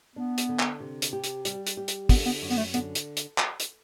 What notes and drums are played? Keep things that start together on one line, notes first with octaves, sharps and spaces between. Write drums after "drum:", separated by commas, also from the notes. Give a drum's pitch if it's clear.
B3 D4
drum: hi-hat
D3
drum: clap
C3
drum: hi-hat
G4
drum: hi-hat
G3, drum: hi-hat
drum: hi-hat
G4
drum: hi-hat
D3 B3, drum: kick, open hi-hat
B3
F#2
B3, drum: open hi-hat
A3
D3 B3, drum: hi-hat
drum: hi-hat
drum: hi-hat
drum: clap
drum: hi-hat